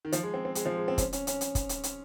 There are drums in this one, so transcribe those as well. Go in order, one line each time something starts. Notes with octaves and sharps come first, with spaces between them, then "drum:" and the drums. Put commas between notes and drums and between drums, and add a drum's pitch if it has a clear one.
D#3
F3, drum: hi-hat
G#3
C4
C4
G#3, drum: hi-hat
F3
G#3
C4
C#4, drum: kick, hi-hat
C#4, drum: hi-hat
C#4, drum: hi-hat
drum: hi-hat
drum: kick, hi-hat
drum: hi-hat
drum: hi-hat